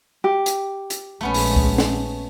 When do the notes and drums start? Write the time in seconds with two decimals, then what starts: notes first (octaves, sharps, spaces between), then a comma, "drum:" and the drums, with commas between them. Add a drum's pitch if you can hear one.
0.24 G4
0.46 drum: hi-hat
0.90 drum: hi-hat
1.21 A#1 G#3 A3 B3 C#4
1.34 drum: open hi-hat
1.56 drum: kick C#2
1.78 drum: snare